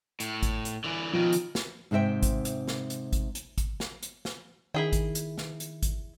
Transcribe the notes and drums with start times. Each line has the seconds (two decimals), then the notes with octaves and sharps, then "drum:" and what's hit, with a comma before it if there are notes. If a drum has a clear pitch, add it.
0.20 A2, drum: hi-hat
0.43 drum: kick G#1, hi-hat
0.65 drum: hi-hat
0.84 D3 E3
1.13 B2 D#3 F3
1.33 drum: hi-hat
1.55 drum: snare
1.91 G#2 C3 C5 E5 G5
2.23 drum: kick G#1, hi-hat
2.45 drum: hi-hat
2.68 drum: snare
2.90 drum: hi-hat
3.13 drum: kick G#1, hi-hat
3.35 drum: hi-hat
3.58 drum: kick G#1, hi-hat
3.80 drum: snare
4.03 drum: hi-hat
4.25 drum: snare
4.74 D#3 E4 G#4 G5
4.93 drum: kick G#1, hi-hat
5.15 drum: hi-hat
5.38 drum: snare
5.60 drum: hi-hat
5.83 drum: kick G#1, hi-hat